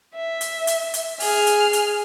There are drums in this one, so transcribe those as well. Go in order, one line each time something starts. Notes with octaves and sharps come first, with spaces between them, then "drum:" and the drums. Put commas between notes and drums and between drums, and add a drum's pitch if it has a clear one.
E5
drum: hi-hat
drum: hi-hat
drum: hi-hat
G#4 F6, drum: open hi-hat
drum: hi-hat
drum: hi-hat